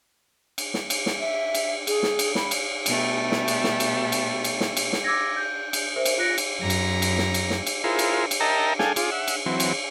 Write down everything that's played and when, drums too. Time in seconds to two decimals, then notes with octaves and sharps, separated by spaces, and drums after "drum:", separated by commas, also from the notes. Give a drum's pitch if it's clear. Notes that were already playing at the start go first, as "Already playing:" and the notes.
0.58 drum: cymbal
0.74 drum: snare
0.90 drum: cymbal
1.06 drum: snare
1.21 E5
1.54 drum: cymbal
1.87 G#4, drum: cymbal
2.03 drum: snare
2.19 drum: cymbal
2.35 B5, drum: snare
2.51 drum: cymbal
2.86 B2 G3 A3, drum: cymbal
3.32 drum: snare
3.48 drum: cymbal
3.64 drum: snare
3.80 drum: cymbal
4.12 drum: cymbal
4.44 drum: cymbal
4.60 drum: snare
4.77 drum: cymbal
4.93 drum: snare
5.04 D6 E6 G#6 A#6
5.36 G6
5.73 drum: cymbal
5.96 A#4 C5 E5
6.05 drum: cymbal
6.18 F4 F#6 A#6 C#7 D7
6.38 drum: cymbal
6.60 F#2 A#5
6.70 drum: cymbal
7.02 drum: cymbal
7.18 drum: snare
7.34 drum: cymbal
7.50 drum: snare
7.66 drum: cymbal
7.84 E4 F4 G#4 A#4 C5
7.99 drum: cymbal
8.31 drum: cymbal
8.40 A#4 D#5 E5 G5 A5 A#5
8.79 D4 G#4 A4 F5 G5 G#5, drum: snare
8.96 F4 G#4 D6, drum: cymbal
9.12 E5 F#5
9.28 drum: cymbal
9.46 E3 F#3 C4
9.60 drum: cymbal